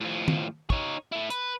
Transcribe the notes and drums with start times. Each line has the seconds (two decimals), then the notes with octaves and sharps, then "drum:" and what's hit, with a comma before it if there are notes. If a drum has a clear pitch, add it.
0.01 A2 F3
0.28 drum: tom D#3
0.70 D#4 C#5, drum: kick
1.12 A3 E4
1.30 B4, drum: hi-hat